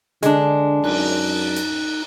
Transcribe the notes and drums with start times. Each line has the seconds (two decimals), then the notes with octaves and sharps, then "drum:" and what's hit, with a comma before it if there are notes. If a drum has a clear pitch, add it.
0.23 D3 G#3 D4, drum: hi-hat
0.84 F#2 D#4 F#6, drum: cymbal
1.56 drum: hi-hat